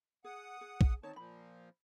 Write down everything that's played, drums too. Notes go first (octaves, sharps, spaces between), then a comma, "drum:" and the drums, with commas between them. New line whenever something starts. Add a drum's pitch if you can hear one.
G#4 F#5 D#6
G#4
drum: kick
D#3 C4 D#4 C#5 A5
A#2 F3 A#3 B5